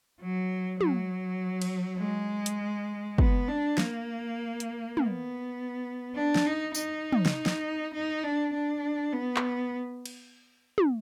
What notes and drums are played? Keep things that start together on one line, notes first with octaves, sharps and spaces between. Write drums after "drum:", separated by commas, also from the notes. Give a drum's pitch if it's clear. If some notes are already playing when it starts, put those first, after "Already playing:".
F#3
F#3, drum: tom
drum: cymbal
G#3
drum: hi-hat
B3, drum: kick
D4
A#3, drum: snare
drum: hi-hat
B3, drum: tom
D4
drum: snare
D#4
D#4, drum: tambourine
drum: tom
drum: snare
drum: snare
D#4
D4
D4
B3
drum: clap
drum: cymbal
drum: tom